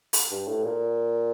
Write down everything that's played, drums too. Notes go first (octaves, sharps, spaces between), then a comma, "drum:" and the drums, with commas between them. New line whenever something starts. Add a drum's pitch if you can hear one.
drum: open hi-hat
G2
A2
A#2